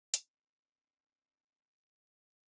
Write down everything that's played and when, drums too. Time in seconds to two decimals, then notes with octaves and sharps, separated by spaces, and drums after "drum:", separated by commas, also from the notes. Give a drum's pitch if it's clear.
0.14 C4 D4 E4, drum: hi-hat